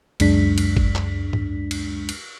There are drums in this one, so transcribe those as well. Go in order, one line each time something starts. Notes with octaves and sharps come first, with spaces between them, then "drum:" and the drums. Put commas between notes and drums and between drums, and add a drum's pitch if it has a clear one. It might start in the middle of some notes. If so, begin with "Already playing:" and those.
C#2 F#2 G#3 D4 B6, drum: cymbal
drum: cymbal
drum: kick G1
drum: clap
drum: tom G#2
drum: cymbal
drum: cymbal